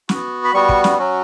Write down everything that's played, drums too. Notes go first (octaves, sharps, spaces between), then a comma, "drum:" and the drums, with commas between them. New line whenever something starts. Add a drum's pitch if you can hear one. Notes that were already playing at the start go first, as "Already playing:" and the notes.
B3 F#4, drum: snare
B5
G3 B3 F#4 C#6
drum: kick
drum: snare
F#3 C#4 F#4